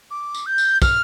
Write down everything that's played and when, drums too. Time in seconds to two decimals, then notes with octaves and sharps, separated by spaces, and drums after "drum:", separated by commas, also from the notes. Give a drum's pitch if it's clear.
0.11 D6
0.35 drum: tambourine
0.46 G6
0.58 drum: tambourine
0.82 F6, drum: kick, tambourine